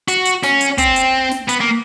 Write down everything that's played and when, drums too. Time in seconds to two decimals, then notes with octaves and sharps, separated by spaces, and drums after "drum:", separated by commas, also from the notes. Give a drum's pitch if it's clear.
0.08 F#4, drum: hi-hat
0.25 drum: hi-hat
0.43 C#4, drum: snare
0.61 drum: hi-hat
0.78 C4, drum: kick, hi-hat
0.96 drum: hi-hat
1.31 drum: snare
1.49 B3, drum: hi-hat
1.61 A#3